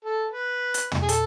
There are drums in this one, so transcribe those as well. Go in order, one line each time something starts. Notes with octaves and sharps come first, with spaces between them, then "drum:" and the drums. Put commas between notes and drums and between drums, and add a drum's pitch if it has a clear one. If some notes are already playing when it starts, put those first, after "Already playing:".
A4
B4
drum: hi-hat
drum: tom
G#4
A4, drum: hi-hat